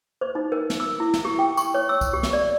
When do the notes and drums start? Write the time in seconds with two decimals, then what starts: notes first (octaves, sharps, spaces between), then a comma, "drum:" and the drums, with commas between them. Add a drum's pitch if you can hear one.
0.21 C5
0.35 D#4
0.52 A#4
0.70 drum: snare
0.80 E6
1.00 E4
1.14 drum: snare
1.25 G4
1.39 G5
1.57 C#6, drum: tambourine
1.74 C#5
1.89 E6
2.01 drum: kick, tambourine
2.13 G4
2.23 drum: snare
2.33 D5